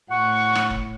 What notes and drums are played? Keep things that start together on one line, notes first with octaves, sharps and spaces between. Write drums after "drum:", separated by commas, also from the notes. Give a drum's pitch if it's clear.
A2 F#5 C#6
drum: rim click
drum: kick F1